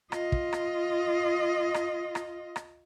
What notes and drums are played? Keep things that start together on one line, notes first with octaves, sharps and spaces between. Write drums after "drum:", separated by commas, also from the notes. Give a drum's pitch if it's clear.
F4 D#5, drum: rim click
drum: kick
drum: rim click
drum: rim click
drum: rim click
drum: rim click